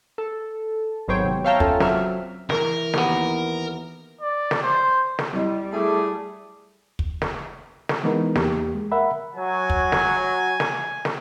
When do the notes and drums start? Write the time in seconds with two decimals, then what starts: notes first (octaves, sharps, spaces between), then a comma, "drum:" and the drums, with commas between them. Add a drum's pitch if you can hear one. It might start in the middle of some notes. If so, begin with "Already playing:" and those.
0.18 A4
1.08 G#1 F#3 B3 C5 C#5 G5
1.25 C3
1.44 C#5 E5 F5 G5 A5 A#5
1.60 C#4 F4 A4, drum: kick
1.80 F#3 C4 E5 F6, drum: snare
2.50 E3 A#4, drum: snare
2.94 D#2 B3, drum: snare
4.21 D5
4.51 drum: snare
4.63 C5
5.19 drum: snare
5.32 G3 C4 E4 D#5
5.72 A3 E4 G#4 A5 D6
6.99 drum: kick
7.22 drum: snare
7.89 drum: snare
8.04 E3 G#3 B3 D#4 A#4
8.35 E2 A#3 G4, drum: snare
8.75 G#3
8.92 A#4 E5 F#5 B5
9.36 F#3 G#5
9.70 drum: kick
9.92 drum: snare
10.60 drum: snare
11.05 drum: snare